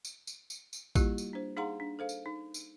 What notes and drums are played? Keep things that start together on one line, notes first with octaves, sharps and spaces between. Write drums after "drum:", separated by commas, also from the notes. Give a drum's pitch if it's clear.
drum: tambourine
drum: tambourine
drum: tambourine
drum: tambourine
G3 A#3 E4 F4 G4, drum: kick A1, tambourine
drum: tambourine
D4 C5
D#4 G#4 F5 F#5 A#5 C6
D4
A4 C5 F5
drum: tambourine
D#4
drum: tambourine